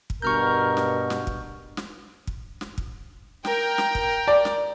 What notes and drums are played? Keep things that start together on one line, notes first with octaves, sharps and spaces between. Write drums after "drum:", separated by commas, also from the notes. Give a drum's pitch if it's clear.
drum: kick
G2 B2 A#4 C#6 F6 G6
drum: snare
drum: snare
drum: kick
drum: snare
drum: kick
drum: snare
drum: kick
A#4 G5, drum: snare
drum: snare
drum: kick
D5
drum: snare